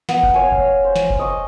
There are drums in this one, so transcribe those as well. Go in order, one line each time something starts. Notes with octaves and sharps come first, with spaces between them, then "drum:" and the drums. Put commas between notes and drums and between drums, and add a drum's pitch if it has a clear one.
B3, drum: snare
drum: kick F1
C#5 F5 G#5
drum: kick F1
C5
drum: snare
drum: kick F1
D#5 C#6 D6